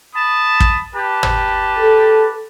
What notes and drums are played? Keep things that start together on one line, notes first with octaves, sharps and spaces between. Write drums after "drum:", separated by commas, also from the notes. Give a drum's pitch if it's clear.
A5 B5 D#6
drum: kick
G4 B4 A5
drum: tom G#1
A4